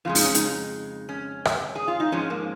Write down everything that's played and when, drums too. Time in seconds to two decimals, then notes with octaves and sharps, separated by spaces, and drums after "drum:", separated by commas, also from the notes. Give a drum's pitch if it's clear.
0.05 F2 C#3 G#3 F4
0.15 D#4, drum: open hi-hat
0.25 C#4
0.35 D#4, drum: hi-hat
1.09 C#4
1.45 drum: rim click
1.75 G#4
1.88 F4
2.00 D#4
2.12 G#2 F3 G#3 C#4
2.30 A#3